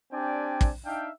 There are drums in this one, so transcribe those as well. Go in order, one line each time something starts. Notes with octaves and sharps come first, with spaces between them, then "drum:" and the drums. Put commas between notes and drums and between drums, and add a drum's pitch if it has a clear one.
C4 D4 G4 D5 G5 G#5
drum: kick
D4 D#4 E5 F5 G5